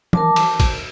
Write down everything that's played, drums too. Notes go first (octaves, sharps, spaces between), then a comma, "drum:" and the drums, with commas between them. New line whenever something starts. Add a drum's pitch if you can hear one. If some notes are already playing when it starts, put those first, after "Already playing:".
A#4 A5 D6, drum: tom
drum: cymbal
drum: kick, cymbal